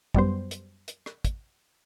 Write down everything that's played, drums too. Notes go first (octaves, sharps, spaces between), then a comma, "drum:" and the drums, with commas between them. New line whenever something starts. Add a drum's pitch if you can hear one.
F#2 G3 B3 C5, drum: kick
drum: hi-hat
drum: hi-hat
drum: rim click
drum: kick, hi-hat